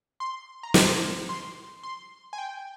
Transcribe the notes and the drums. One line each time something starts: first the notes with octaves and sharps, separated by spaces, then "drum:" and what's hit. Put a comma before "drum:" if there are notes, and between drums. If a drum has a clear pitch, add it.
C6
A#5
C6, drum: snare
C6
C6
G#5
G5